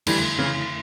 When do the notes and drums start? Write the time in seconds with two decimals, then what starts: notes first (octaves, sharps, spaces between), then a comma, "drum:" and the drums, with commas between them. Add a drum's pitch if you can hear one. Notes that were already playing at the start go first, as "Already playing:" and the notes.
0.07 F2 D3 E3 G3 A3 E4, drum: cymbal
0.39 C#3 E3